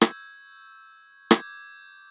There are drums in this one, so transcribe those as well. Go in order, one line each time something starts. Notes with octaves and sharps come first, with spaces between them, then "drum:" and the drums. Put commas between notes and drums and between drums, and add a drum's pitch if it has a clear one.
C#6 E6 G6 G#6, drum: rim click
D6 G6 G#6, drum: rim click